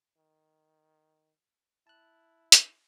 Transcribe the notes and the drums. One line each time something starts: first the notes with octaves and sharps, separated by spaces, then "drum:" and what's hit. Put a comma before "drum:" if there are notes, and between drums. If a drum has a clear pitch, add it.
D#3
E4 A5 F#6
drum: hi-hat